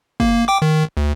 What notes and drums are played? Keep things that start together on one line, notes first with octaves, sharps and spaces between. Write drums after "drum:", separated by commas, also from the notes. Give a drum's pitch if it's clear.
A#3, drum: kick F#1
G5 D6
D#3
D2